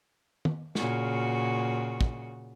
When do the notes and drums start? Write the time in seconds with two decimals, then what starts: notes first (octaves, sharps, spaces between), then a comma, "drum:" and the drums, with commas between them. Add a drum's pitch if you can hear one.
0.45 drum: tom
0.75 A#2 C#3 F#4, drum: snare
2.01 drum: kick